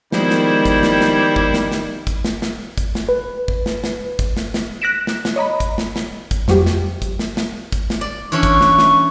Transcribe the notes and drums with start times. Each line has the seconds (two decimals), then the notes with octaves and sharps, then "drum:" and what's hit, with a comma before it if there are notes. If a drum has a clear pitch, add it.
0.12 D#3 F3 G3 G#3 B3 E4 C5, drum: snare
0.30 drum: snare
0.65 drum: kick, hi-hat
0.83 drum: snare
1.01 drum: snare
1.36 drum: kick
1.54 drum: snare
1.72 drum: snare
2.07 drum: kick, hi-hat
2.25 drum: snare
2.42 drum: snare
2.78 drum: kick, hi-hat
2.95 drum: snare
3.09 B4
3.48 drum: kick
3.66 drum: snare
3.84 drum: snare
4.19 drum: kick, hi-hat
4.37 drum: snare
4.54 drum: snare
4.82 F#6 A#6 B6 D7 E7
5.07 drum: snare
5.25 drum: snare
5.36 C#5 D#5 A#5 B5
5.60 drum: kick, hi-hat
5.78 drum: snare
5.96 drum: snare
6.31 drum: kick, hi-hat
6.48 F2 F#3 G3 G4, drum: snare
6.66 drum: snare
7.02 drum: kick, hi-hat
7.19 drum: snare
7.37 drum: snare
7.72 drum: kick, hi-hat
7.90 drum: snare
8.01 D5
8.32 E3 C#4 D4 C#6
8.43 drum: kick, hi-hat
8.61 drum: snare
8.78 drum: snare